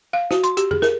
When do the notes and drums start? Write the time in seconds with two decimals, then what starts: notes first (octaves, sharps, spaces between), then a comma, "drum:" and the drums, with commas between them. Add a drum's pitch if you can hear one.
0.13 F5
0.31 F#4, drum: snare
0.43 C6, drum: hi-hat
0.57 G4, drum: hi-hat
0.71 G#4, drum: tom F2
0.82 A#4, drum: snare